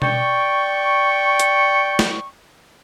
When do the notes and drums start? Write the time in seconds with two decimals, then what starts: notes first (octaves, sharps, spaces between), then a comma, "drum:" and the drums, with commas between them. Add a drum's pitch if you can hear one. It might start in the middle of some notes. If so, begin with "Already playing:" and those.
0.02 D5 G5 C#6, drum: tom B2
1.40 drum: hi-hat
1.99 drum: snare